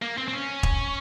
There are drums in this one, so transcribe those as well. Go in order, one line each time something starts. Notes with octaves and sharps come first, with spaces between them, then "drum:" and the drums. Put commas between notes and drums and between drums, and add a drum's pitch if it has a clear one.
A#3
C4
C4
C#4
drum: kick E1